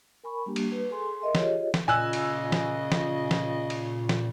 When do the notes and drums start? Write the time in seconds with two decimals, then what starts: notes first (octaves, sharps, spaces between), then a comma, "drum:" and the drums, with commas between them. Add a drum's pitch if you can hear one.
0.24 A#4 G#5 B5 C#6
0.46 G3 A#3 D4 G4
0.56 drum: cymbal
0.72 B4
0.91 G#4 A4 G#5 C6
1.22 A#4 D#5 E5 C6
1.35 F4 G4 G#4 C#5 D#5, drum: snare
1.74 drum: snare
1.88 A#2 C#3 D#5 G#5 E6 F#6
2.13 drum: cymbal
2.52 drum: snare
2.92 drum: snare
3.31 drum: snare
3.70 drum: cymbal
4.09 drum: snare